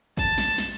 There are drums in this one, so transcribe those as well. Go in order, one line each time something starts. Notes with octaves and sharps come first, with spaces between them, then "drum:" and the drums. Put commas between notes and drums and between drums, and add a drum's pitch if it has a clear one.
A5, drum: kick
drum: snare
drum: snare